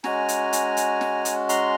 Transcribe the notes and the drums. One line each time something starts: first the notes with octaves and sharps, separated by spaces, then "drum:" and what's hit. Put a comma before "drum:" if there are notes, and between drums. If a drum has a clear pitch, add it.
G#3 C#4 F#4 G#5 A#5, drum: snare
drum: hi-hat
drum: hi-hat
drum: hi-hat
drum: snare
drum: hi-hat
A#5 C6, drum: hi-hat